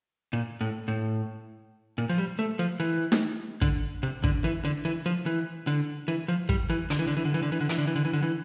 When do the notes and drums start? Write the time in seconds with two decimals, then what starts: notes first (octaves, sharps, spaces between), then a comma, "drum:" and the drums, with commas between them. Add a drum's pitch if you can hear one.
0.33 A#2
0.61 A2
0.88 A2
1.98 A#2
2.09 F3
2.18 G3
2.39 A3
2.59 F3
2.80 E3
3.12 drum: snare D#4
3.61 D3, drum: kick
4.03 C3
4.24 D3, drum: kick
4.44 E3
4.65 D3
4.85 E3
5.06 F3
5.26 E3
5.67 D3
6.08 E3
6.28 F3
6.49 G3, drum: kick
6.70 E3
6.90 D3, drum: hi-hat
6.99 E3
7.07 D3
7.17 E3
7.25 D3
7.34 E3
7.43 D3
7.52 E3
7.61 D3
7.69 E3, drum: hi-hat
7.78 D3
7.87 E3
7.96 D3
8.05 E3
8.13 D3
8.22 E3